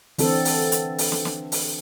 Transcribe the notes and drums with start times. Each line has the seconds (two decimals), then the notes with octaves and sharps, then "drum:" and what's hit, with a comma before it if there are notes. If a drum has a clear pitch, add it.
0.18 D3 E3 C4 A4, drum: open hi-hat
0.45 drum: open hi-hat
0.72 drum: hi-hat
0.98 drum: open hi-hat
1.12 drum: snare
1.25 drum: snare
1.52 drum: open hi-hat